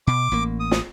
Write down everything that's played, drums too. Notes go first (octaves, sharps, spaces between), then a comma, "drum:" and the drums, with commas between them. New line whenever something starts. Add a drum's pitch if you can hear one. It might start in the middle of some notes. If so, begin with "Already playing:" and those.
B2 D6
A1 A#3
D#6
drum: snare